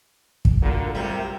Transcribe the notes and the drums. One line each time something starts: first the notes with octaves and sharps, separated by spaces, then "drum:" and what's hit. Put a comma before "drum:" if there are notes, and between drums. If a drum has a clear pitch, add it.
drum: kick
D3 A3 F4 F#4 A#4
C3 G3 A#4 E5 G5